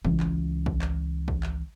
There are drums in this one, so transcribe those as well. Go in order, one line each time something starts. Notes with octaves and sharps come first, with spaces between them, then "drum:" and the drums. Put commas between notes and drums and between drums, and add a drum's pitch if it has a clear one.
C#2 E3, drum: kick
drum: clap
drum: kick
drum: clap
drum: kick
drum: clap